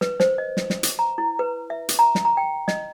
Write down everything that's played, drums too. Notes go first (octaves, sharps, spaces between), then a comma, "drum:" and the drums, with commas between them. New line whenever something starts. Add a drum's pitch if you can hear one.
B4, drum: snare
C5, drum: snare
D#5
drum: snare
drum: snare
drum: hi-hat
A#5
E4
B4
E5
drum: hi-hat
A#5
drum: snare
A#5
G5
D#5, drum: snare